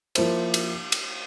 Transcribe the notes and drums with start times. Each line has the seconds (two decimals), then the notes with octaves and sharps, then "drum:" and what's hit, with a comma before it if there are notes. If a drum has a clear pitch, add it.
0.15 F3 A#3 E4 C5, drum: cymbal
0.54 drum: cymbal
0.92 drum: cymbal